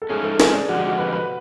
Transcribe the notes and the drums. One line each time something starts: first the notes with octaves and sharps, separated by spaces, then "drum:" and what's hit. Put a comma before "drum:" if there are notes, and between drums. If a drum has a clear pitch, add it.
A4
G#2 F3 A3 C#4 G#4
A4
G#4, drum: snare
D4
F2 D3 F3 G#3 F#4
G4
F#4
B4
B4